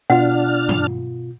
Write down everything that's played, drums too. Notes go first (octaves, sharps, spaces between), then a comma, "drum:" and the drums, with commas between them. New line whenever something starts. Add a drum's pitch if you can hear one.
B2 D4 F4 F#5 F6
drum: tom